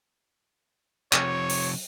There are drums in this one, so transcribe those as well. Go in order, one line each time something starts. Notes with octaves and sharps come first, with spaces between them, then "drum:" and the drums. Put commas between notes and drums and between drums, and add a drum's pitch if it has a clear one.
C3 F3 C#5, drum: clap
drum: open hi-hat